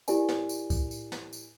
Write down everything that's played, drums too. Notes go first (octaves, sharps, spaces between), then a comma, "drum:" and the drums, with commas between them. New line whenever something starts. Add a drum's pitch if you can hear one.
E4 G4 A#4 D5 G#5, drum: tambourine
drum: snare
drum: tambourine
drum: kick C2, tambourine
drum: tambourine
drum: snare
drum: tambourine